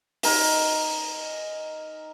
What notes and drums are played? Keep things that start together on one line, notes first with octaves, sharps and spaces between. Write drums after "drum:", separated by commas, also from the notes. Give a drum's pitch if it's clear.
D#4 A#4 G#5, drum: open hi-hat